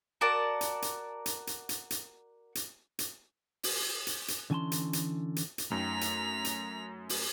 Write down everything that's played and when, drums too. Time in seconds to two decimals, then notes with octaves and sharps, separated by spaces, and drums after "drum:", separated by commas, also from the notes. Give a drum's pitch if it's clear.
0.21 F#4 A#4 D5 A5
0.61 drum: hi-hat
0.82 drum: hi-hat
1.26 drum: hi-hat
1.47 drum: hi-hat
1.69 drum: hi-hat
1.90 drum: hi-hat
2.55 drum: hi-hat
2.99 drum: hi-hat
3.63 drum: open hi-hat
4.07 drum: hi-hat
4.28 drum: hi-hat
4.50 D3 E3 C#4 G#5 A5 C6
4.72 drum: hi-hat
4.93 drum: hi-hat
5.36 drum: hi-hat
5.58 drum: hi-hat
5.71 F#2 A3 D#4 G5 A#5 B6 F7
6.01 drum: hi-hat
6.45 drum: hi-hat
7.09 drum: open hi-hat